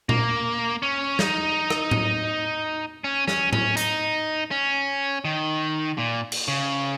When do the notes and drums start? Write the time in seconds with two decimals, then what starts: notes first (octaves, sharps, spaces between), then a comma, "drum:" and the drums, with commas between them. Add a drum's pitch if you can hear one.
0.09 A#3, drum: tom A#2
0.83 C#4
1.19 D#4, drum: snare
1.70 drum: rim click
1.91 drum: tom A2
3.04 C#4
3.28 C#4, drum: snare
3.53 C#4, drum: tom A2
3.77 D#4, drum: hi-hat
4.51 C#4
5.25 D#3
5.98 A#2
6.32 drum: cymbal
6.48 C#3